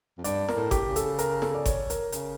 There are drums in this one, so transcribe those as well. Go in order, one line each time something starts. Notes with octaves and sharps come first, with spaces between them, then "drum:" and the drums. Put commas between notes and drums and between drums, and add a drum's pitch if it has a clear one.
F2
G2 D5, drum: hi-hat
A#4, drum: snare
A2
G4, drum: kick G1, hi-hat
C#3
A4, drum: hi-hat
A#4, drum: hi-hat
A4, drum: snare
D5
C#5, drum: kick G1, hi-hat
A#4, drum: hi-hat
C#3, drum: hi-hat